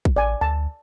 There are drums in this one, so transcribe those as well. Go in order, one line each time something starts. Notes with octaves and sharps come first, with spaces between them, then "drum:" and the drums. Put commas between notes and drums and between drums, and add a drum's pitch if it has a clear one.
drum: kick
A1 D5 G#5
D2 A5